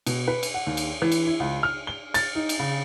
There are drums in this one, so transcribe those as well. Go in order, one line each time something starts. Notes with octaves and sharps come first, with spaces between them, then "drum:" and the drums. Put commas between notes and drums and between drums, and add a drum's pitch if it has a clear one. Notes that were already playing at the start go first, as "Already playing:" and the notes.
B2, drum: cymbal
B4
drum: cymbal
F#5
D#2
drum: cymbal
E3
drum: cymbal
E4
C#2
F6
G7
A6, drum: cymbal
D#4
drum: cymbal
C#3